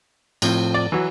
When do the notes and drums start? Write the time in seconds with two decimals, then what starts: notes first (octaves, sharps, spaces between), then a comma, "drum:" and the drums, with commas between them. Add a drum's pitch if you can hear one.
0.42 A2 F3 C4, drum: cymbal
0.74 D5
0.92 E3 F#3